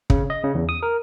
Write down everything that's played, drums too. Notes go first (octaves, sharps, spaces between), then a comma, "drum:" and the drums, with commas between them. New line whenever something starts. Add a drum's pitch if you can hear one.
C#3, drum: kick
D#5
C#3
E2
D#6
A#4